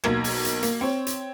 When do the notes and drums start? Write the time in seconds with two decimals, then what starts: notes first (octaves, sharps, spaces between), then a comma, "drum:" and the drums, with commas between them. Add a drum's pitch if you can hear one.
0.04 B1 A#3 G#6, drum: rim click
0.24 drum: open hi-hat
0.45 drum: hi-hat
0.63 A#3, drum: hi-hat
0.81 C4 C#5
1.07 drum: hi-hat